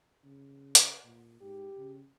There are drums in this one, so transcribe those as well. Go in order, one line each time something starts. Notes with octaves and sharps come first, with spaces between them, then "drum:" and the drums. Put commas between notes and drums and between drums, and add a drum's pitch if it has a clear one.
C#3
drum: hi-hat
A#2
G#2 G4
C#3